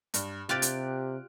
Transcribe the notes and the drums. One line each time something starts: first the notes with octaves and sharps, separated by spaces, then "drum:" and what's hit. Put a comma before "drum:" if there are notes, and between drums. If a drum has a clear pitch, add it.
G2, drum: hi-hat
C3 F4 G4 D5 F6 F#6 D7
drum: hi-hat